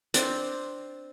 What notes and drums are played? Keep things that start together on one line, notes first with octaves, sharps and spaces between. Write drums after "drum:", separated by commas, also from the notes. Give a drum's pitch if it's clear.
C4 D4, drum: hi-hat